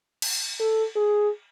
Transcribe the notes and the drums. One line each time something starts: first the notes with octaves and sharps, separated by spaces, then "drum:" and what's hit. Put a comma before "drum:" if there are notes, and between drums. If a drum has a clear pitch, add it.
drum: cymbal
A4
G#4